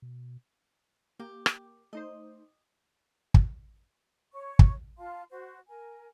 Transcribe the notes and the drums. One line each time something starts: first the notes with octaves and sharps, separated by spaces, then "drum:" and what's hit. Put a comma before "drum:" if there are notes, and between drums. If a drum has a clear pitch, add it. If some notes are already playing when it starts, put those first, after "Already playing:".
B2
A#3 G4
drum: rim click
A3 D#4 C5 D#5
drum: kick
C#5 C#6
drum: kick
F4 F5 A5 C6
F#4 C5
A#4 G#5